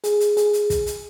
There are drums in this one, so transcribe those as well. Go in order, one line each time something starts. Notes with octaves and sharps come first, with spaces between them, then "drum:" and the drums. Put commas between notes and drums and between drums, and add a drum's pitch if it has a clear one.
G#4, drum: hi-hat
drum: hi-hat
G#4, drum: hi-hat
drum: hi-hat
drum: kick, hi-hat
drum: hi-hat